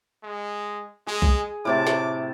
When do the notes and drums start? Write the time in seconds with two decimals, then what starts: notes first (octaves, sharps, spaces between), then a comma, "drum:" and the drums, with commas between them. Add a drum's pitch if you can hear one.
0.23 G#3
1.07 G#3 G#4
1.22 drum: kick B1
1.65 A2 C3 A5 D6
1.87 drum: snare